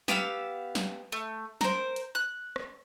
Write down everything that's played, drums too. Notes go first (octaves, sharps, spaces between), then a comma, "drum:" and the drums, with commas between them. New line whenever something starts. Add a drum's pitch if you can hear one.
B3 G4 F5 E6, drum: snare
drum: snare
A3
A#4 C5, drum: snare
drum: hi-hat
F#6
drum: rim click